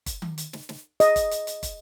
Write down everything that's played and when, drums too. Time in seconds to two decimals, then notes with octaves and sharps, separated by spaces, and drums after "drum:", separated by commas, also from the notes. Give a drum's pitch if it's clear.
0.06 drum: kick, hi-hat
0.22 drum: tom D#3
0.38 drum: hi-hat
0.53 drum: snare
0.69 drum: snare
1.00 D#5, drum: hi-hat
1.16 drum: kick, hi-hat
1.31 drum: hi-hat
1.47 drum: hi-hat
1.63 drum: kick, hi-hat